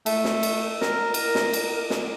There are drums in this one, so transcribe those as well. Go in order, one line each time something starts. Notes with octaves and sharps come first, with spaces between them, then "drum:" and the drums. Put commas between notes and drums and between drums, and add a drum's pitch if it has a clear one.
A3, drum: cymbal
drum: snare
drum: cymbal
A#4, drum: snare
A#4, drum: cymbal
drum: snare
drum: cymbal
drum: snare